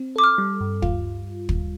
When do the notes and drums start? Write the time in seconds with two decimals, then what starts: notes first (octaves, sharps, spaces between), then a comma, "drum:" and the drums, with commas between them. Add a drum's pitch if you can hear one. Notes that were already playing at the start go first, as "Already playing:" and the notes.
Already playing: C4
0.16 A4 D6
0.24 F6
0.38 G3
0.61 G2
0.82 F4, drum: kick
1.49 drum: kick